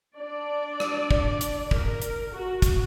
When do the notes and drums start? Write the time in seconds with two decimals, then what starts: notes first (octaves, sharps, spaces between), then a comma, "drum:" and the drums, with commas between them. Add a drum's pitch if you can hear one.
0.16 D4 D5
0.80 drum: rim click
1.11 drum: kick
1.41 drum: hi-hat
1.71 A#4, drum: kick
2.02 drum: hi-hat
2.33 F#4
2.62 drum: kick, hi-hat